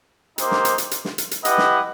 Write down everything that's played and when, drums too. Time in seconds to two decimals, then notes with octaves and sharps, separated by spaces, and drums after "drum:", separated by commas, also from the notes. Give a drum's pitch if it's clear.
0.38 A#3 D#4 G4 C5, drum: hi-hat
0.51 drum: snare
0.65 drum: hi-hat
0.78 drum: hi-hat
0.91 drum: hi-hat
1.05 drum: snare
1.18 drum: hi-hat
1.31 drum: hi-hat
1.45 E4 G4 B4 D#5 F#5, drum: hi-hat
1.58 drum: snare